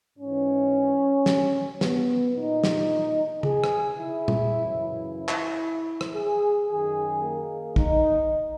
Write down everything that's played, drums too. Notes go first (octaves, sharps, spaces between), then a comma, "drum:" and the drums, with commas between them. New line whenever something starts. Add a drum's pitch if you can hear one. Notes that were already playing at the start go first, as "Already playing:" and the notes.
G#2 E3 C#4
drum: snare
B3, drum: snare
A#2 D#4
drum: snare
G#4, drum: tom C#3
drum: rim click
E4
drum: tom A#2
F#2 C#3 E3
E4
drum: clap
drum: rim click
G#4
F#2 D#3 G#4
A#3
D#4, drum: kick